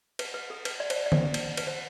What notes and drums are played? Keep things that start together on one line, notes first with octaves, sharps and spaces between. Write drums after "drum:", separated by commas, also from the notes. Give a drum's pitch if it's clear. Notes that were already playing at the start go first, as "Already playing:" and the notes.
B4, drum: cymbal
B4
A4
B4, drum: cymbal
D5
C5, drum: cymbal
D5
D5
C5, drum: tom D3
drum: cymbal
B4, drum: cymbal
C5